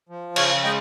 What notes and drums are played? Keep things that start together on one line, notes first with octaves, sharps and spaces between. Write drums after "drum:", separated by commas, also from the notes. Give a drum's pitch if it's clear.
F3
C#3 C#5 F5, drum: cymbal
G#3 D#5 G5